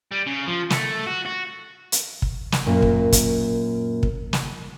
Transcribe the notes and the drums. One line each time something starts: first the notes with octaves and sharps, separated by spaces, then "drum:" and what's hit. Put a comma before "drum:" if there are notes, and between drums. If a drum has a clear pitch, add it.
G3
C#3
F3
A3, drum: snare
F#4
F#4
drum: hi-hat
drum: kick
drum: snare
F#2 A#2
drum: kick
drum: kick, hi-hat
drum: kick
drum: snare